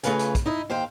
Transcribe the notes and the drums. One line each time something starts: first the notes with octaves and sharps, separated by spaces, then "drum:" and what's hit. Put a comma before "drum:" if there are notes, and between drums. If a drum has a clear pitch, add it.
C#3 A3 F4 B4 F5 G#5, drum: hi-hat
drum: hi-hat
drum: kick, hi-hat
D#4 E4 D#5
D#2 C5 F5 G5